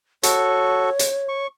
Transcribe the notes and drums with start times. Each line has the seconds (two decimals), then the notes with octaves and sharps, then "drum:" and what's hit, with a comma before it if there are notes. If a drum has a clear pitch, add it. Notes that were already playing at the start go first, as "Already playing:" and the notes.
0.23 F#4 A4 C#5 C#6, drum: hi-hat
0.99 drum: hi-hat
1.29 C#6